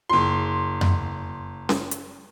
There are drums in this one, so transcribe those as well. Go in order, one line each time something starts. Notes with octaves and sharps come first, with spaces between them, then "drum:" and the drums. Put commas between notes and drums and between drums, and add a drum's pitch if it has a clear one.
F#1 C6
drum: tom F2
drum: snare C#4
drum: hi-hat